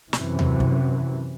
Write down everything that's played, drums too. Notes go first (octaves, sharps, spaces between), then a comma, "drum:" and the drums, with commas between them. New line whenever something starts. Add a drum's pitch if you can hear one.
F#2 C3 E3, drum: snare
drum: tom D#2
drum: kick